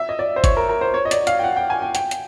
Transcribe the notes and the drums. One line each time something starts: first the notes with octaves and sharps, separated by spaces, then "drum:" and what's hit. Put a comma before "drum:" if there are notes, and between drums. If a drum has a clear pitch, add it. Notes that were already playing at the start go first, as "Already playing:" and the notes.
Already playing: E5
D#5
D5
C5
C#5, drum: kick G1, hi-hat
A#4
A#4
C5
C#5
D#5
D5, drum: hi-hat
F5, drum: hi-hat
G5
F#5
G5
G#5
G5
G5, drum: hi-hat
drum: hi-hat